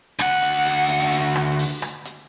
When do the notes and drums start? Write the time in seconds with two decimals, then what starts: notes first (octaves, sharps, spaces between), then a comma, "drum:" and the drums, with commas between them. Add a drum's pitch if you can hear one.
0.19 D2 F#5, drum: rim click
0.43 drum: hi-hat
0.66 drum: hi-hat
0.89 drum: hi-hat
1.12 drum: hi-hat
1.36 drum: rim click
1.59 drum: open hi-hat
1.82 drum: rim click
2.05 drum: hi-hat